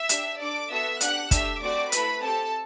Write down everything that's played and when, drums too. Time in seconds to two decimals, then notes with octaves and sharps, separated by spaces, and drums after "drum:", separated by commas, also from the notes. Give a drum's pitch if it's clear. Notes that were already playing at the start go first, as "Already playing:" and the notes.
Already playing: E5 E6
0.09 D4 G4, drum: hi-hat
0.40 D4 A4 D5 D6
0.70 B3 F#4 A4 E5 E6
1.01 D4 G4 F#5 F#6, drum: hi-hat
1.31 A3 D4 G4 E5 E6, drum: kick, hi-hat
1.61 A3 C4 F#4 D5 D6
1.92 A3 E4 A4 B4 B5, drum: hi-hat
2.23 C4 G4 A4 A5